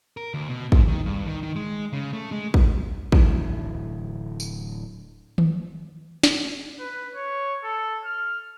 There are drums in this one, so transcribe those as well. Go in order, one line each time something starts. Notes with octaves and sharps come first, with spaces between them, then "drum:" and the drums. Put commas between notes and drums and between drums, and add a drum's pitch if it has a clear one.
A#4
D2
B2
G#2, drum: kick
D#3
G2
D#3
D#3
G#3
C#3
A3
G#3
drum: kick
D1 D2 E3, drum: kick
drum: tambourine
drum: tom D#3
drum: snare
B4
C#5
A4
F6